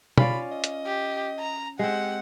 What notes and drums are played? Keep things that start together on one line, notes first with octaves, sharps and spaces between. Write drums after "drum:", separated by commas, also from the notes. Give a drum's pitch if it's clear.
C#4 F4 D5 B5, drum: tom B2
D#5
drum: hi-hat
G4
A#5
G#3 C4 G4 F#5